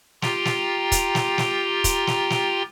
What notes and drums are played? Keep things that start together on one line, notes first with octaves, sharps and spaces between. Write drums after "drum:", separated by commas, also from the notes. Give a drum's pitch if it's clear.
F4 G4 G5 A#5 C6, drum: snare
drum: snare
drum: kick, hi-hat
drum: snare
drum: snare
drum: kick, hi-hat
drum: snare
drum: snare